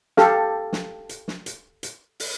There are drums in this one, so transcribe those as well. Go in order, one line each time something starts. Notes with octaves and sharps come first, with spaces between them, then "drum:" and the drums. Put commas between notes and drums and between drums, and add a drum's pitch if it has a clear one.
G4 A4 F5, drum: snare
drum: snare
drum: hi-hat
drum: snare
drum: hi-hat
drum: hi-hat
drum: open hi-hat